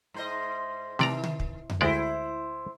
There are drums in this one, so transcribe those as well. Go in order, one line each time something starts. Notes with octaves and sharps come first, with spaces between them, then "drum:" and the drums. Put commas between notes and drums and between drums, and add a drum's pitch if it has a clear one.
G#2 C5 D#5
C3 D#3 D5 A#5, drum: snare A3
drum: tom D3
drum: kick
drum: tom F2
D2 G#3 E4 C5 D5